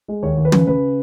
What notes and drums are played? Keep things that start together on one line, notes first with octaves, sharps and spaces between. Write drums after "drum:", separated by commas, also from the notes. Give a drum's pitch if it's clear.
G#3
D#2 C#5
D#2
B4
C#3, drum: tom
C#3 B4